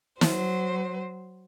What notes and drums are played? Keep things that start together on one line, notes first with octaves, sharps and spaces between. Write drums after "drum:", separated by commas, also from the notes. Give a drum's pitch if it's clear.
F#3 C5, drum: snare